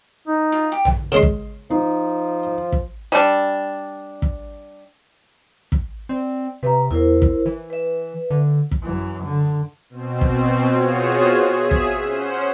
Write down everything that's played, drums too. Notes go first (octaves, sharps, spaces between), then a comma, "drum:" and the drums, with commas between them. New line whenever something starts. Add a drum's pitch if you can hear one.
D#4
F4
G4
drum: tom A#1
C#3 G#3 C6
drum: kick
F3 D#4
drum: kick
G3 D4
drum: kick
drum: kick
C4 D5
C3 B4 E5 A#5
E2 E4 A#4 C5
drum: kick
E3
B4 E5
D3
drum: kick
F#2 E3
D3
B2 C4
drum: kick
B3 F4 F#4 G#4 C5 C#5
G#4 E5
drum: kick
C#4 C5 F#5